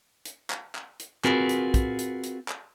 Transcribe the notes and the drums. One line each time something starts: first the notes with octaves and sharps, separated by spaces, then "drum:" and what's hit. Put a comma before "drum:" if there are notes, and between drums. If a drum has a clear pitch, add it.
drum: hi-hat
drum: clap
drum: clap
drum: hi-hat
C4 F4 F#4 G#4 A#4 B4, drum: clap
drum: hi-hat
drum: kick, hi-hat
drum: hi-hat
drum: hi-hat
drum: clap